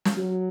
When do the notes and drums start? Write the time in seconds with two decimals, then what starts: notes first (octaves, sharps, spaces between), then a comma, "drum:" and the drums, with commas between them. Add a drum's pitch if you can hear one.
0.05 drum: snare
0.17 F#3